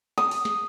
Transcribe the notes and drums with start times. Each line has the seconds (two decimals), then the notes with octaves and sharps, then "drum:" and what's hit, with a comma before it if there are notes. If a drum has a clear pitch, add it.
0.18 D#6, drum: snare
0.31 drum: open hi-hat
0.45 drum: snare